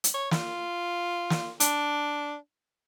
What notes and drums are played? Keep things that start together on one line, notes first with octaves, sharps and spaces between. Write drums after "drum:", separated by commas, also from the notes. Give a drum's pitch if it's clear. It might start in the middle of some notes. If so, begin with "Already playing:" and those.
drum: hi-hat
C#5
F4, drum: snare
drum: snare
D4, drum: hi-hat